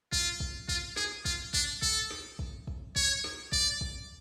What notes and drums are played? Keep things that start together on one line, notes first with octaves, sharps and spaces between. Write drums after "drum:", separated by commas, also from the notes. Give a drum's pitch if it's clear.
F4, drum: kick
drum: kick
F4, drum: kick
G#4, drum: snare
F4, drum: kick
D4, drum: kick
A4, drum: kick
drum: snare
drum: kick
drum: kick
C#5, drum: kick
drum: snare
D5, drum: kick
drum: kick